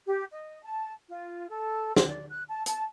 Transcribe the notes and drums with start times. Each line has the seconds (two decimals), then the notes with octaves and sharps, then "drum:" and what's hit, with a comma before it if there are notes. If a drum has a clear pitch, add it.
0.07 G4
0.32 D#5
0.63 A5
1.09 F4
1.49 A4
1.96 C5, drum: snare
2.09 D5
2.29 F#6
2.49 A5
2.66 A5, drum: hi-hat